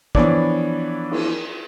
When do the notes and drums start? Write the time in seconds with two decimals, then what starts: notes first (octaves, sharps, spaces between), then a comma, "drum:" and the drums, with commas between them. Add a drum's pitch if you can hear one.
0.15 E3 F3 B3 D4 C#5 D5, drum: kick
1.12 drum: cymbal